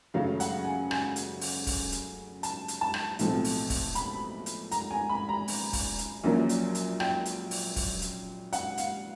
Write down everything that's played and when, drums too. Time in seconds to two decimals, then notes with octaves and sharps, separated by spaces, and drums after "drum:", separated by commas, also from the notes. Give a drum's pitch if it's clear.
0.14 F#2 C#3 F#3 A3 F5
0.40 F#5, drum: hi-hat
0.65 G#5
0.91 G#5, drum: rim click
1.16 drum: hi-hat
1.41 drum: open hi-hat
1.67 drum: kick, open hi-hat
1.92 drum: hi-hat
2.43 A5, drum: hi-hat
2.68 drum: hi-hat
2.81 A5
2.94 drum: rim click
3.19 B1 A2 F3 A3 C4, drum: hi-hat
3.44 drum: open hi-hat
3.70 drum: kick, open hi-hat
3.95 B5, drum: hi-hat
4.46 drum: hi-hat
4.71 A#5, drum: hi-hat
4.91 G#5
5.09 B5
5.29 A#5
5.48 drum: open hi-hat
5.73 drum: kick, open hi-hat
5.98 drum: hi-hat
6.24 A#1 A#2 F#3 A#3 C#4
6.49 drum: hi-hat
6.75 drum: hi-hat
7.00 G5, drum: rim click
7.25 drum: hi-hat
7.51 drum: open hi-hat
7.76 drum: kick, open hi-hat
8.02 drum: hi-hat
8.53 F#5, drum: hi-hat
8.78 F5, drum: hi-hat